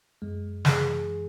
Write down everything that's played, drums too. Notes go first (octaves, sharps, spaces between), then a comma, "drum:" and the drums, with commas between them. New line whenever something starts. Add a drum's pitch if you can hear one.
F#2 G#3
E3 G#4, drum: snare